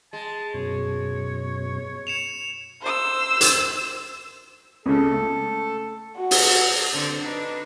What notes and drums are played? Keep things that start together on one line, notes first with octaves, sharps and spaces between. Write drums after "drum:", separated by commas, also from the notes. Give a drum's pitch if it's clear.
G#3 A5
F#2 B2 C#5
C#7 E7 F7
C5 E6
drum: hi-hat
C#2 C#3 A4
A3
F#4
drum: open hi-hat
D3 C4 D5 F#5
D4 D#4 B4